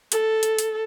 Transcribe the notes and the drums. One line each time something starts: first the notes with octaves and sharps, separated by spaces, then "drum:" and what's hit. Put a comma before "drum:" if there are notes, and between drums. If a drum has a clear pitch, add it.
A4, drum: hi-hat
drum: hi-hat
drum: hi-hat